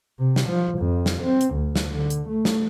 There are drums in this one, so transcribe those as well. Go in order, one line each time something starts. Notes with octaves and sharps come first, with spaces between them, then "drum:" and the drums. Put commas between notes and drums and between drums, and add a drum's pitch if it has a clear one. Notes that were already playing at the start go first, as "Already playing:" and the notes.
C3
drum: snare
F3
F2
drum: snare
C4
drum: hi-hat
D2
drum: snare
D3
drum: hi-hat
A3
drum: snare